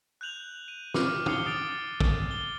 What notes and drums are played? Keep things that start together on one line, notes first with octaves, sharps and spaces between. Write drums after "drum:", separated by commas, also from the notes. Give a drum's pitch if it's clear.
F#6 G6 F7 F#7
D#7
D6 F6, drum: snare
D6 D#6 C7 C#7 G7, drum: tom
D6 D#6 A6 D7
drum: kick
G7